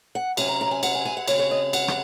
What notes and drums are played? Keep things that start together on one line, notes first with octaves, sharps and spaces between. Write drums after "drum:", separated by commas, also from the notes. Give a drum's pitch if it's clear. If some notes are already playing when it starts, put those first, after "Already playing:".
F#5
C3 F#3 C#4 G#5, drum: cymbal
A#5
A#5
G#5
F#5, drum: cymbal
G#5
G#5
F#5
C#3 G#3 C4 C#5, drum: cymbal
C#5
D#5
F#5, drum: cymbal
drum: rim click